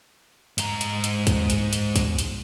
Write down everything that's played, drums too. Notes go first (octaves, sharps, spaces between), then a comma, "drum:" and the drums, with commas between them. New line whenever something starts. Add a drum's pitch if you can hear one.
G#2 A#5, drum: hi-hat
drum: hi-hat
drum: hi-hat
drum: kick, hi-hat
drum: hi-hat
drum: hi-hat
drum: kick, hi-hat
drum: hi-hat